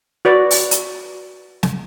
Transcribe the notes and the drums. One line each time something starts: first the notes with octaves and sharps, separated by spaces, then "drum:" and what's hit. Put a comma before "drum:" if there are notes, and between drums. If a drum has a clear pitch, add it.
F#4 B4 D5
drum: open hi-hat
drum: hi-hat
drum: snare